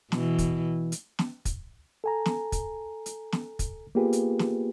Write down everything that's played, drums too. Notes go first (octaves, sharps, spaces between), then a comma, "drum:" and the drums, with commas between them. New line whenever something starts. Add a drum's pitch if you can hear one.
B2 E3, drum: snare
drum: kick, hi-hat
drum: hi-hat
drum: snare
drum: kick, hi-hat
A4 G#5 A#5
drum: snare
drum: kick, hi-hat
drum: hi-hat
drum: snare
drum: kick, hi-hat
A#3 B3 F4 G4 G#4 B4
drum: hi-hat
drum: snare